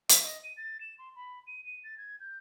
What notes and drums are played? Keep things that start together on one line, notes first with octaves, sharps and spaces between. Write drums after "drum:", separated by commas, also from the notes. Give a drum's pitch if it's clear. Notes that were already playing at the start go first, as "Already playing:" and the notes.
E5, drum: hi-hat
D#5
D#7
A6
E7
C6
B5
D#7
D#7
A6
G#6
G6